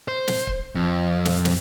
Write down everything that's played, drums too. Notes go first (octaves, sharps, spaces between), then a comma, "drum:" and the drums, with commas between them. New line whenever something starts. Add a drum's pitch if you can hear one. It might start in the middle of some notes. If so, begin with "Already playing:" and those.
C5
drum: snare
drum: kick
F2
drum: snare
drum: snare